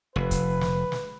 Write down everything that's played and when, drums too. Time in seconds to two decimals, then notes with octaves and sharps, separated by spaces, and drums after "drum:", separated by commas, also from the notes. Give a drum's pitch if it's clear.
0.16 F1 B4
0.31 drum: kick, hi-hat
0.61 drum: snare
0.92 drum: snare